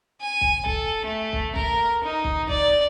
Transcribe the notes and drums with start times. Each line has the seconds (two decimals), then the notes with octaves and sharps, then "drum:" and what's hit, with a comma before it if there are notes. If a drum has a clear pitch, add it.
0.21 G#5
0.41 drum: kick
0.66 A4, drum: kick
1.05 A3
1.33 drum: kick
1.56 A#4, drum: kick
2.04 D#4
2.24 drum: kick
2.49 D5, drum: kick